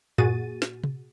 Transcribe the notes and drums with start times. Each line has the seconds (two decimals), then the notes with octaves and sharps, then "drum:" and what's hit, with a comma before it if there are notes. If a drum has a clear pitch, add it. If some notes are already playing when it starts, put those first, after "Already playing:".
0.18 A#2 F#4 G#4 A6 D#7, drum: tom F#2
0.62 drum: snare
0.84 drum: tom C3